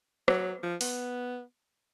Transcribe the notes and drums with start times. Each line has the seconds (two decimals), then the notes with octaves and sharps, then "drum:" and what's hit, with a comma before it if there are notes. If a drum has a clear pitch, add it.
0.28 F#3, drum: rim click
0.63 F3
0.81 B3, drum: open hi-hat